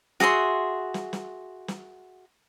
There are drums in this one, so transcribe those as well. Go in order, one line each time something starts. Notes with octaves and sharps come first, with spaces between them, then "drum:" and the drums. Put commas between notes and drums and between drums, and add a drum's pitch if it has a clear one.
F#4 G#4 E5 C6, drum: snare
drum: snare
drum: snare
drum: snare